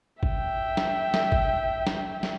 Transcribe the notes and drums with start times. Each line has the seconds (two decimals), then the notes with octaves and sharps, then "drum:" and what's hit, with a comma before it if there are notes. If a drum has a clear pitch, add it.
0.23 E5 G5, drum: kick
0.77 drum: snare
1.14 drum: snare
1.32 drum: kick
1.87 drum: snare
2.23 drum: snare